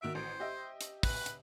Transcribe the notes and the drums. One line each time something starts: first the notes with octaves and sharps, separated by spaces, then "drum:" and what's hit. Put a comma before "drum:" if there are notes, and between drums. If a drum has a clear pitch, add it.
D#3 F#4 E5 D7
A1 C5
G4 D#5 E5
drum: hi-hat
B4, drum: kick, open hi-hat
drum: hi-hat